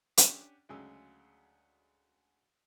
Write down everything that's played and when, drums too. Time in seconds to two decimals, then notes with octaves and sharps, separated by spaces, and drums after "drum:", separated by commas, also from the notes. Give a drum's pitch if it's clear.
0.17 C#4 D4 G4 F#5, drum: hi-hat
0.69 D2 C#3 F#3 G#3 G#4 E6